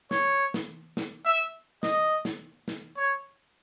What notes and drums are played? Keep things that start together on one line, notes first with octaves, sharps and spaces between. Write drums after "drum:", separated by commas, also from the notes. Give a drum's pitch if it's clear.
C#5, drum: snare
drum: snare
drum: snare
E5
D#5, drum: snare
drum: snare
drum: snare
C#5